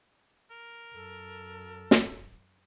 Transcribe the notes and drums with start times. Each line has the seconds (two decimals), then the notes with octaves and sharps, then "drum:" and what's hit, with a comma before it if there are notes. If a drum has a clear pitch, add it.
0.51 A#4
0.94 F#2 A4
1.91 drum: snare